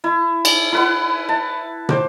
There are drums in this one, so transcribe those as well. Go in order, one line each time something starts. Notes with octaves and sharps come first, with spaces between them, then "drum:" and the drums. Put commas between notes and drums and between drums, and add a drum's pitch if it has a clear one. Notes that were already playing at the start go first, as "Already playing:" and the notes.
E4
drum: cymbal
E4 B4 F#5
A5
C5 D6, drum: tom